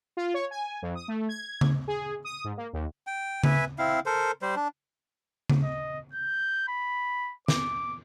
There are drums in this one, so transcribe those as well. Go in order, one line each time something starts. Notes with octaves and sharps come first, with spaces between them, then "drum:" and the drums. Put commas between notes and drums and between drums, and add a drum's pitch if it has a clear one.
F4
C#5
G#5
F2
D#6
A3
G#6
drum: tom C#3
G#4
D#6
G#2
A#3
D#2
G5
B4 E5 G#5, drum: tom C#3
C4 E4 F5
A4 A#4 C5
G3 C5
D4
drum: tom C#3
D#5
G6
B5
D6, drum: snare